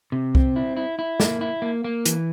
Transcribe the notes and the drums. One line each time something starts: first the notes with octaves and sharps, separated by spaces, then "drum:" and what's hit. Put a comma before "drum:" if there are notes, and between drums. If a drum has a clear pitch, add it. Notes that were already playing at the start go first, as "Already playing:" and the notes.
C3
C4, drum: kick C2
E4
E4
E4
A#3, drum: snare
E4
A#3
A#3
E3, drum: hi-hat